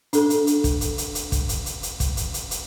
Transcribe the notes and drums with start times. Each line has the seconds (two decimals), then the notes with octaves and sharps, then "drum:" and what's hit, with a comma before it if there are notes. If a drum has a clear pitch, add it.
0.13 D4 A4, drum: hi-hat
0.30 drum: hi-hat
0.47 drum: hi-hat
0.64 drum: kick, hi-hat
0.81 drum: hi-hat
0.98 drum: hi-hat
1.15 drum: hi-hat
1.32 drum: kick, hi-hat
1.49 drum: hi-hat
1.66 drum: hi-hat
1.83 drum: hi-hat
2.00 drum: kick, hi-hat
2.17 drum: hi-hat
2.34 drum: hi-hat
2.51 drum: hi-hat